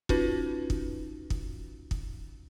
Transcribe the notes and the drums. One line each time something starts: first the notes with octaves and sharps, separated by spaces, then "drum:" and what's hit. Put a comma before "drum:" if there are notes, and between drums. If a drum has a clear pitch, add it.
C#4 D#4 F4 F#4 B4, drum: kick
drum: kick
drum: kick
drum: kick